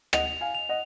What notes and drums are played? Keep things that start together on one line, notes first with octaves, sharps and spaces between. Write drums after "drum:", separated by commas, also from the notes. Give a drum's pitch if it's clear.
D#5 F#5 F7, drum: rim click
F5 G#5
F7
D#5 F#5